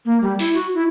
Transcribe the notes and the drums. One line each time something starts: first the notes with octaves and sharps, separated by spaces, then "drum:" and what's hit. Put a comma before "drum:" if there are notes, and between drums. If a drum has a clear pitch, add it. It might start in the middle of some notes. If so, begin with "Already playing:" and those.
A#3
G3
E4, drum: open hi-hat
F#4
E4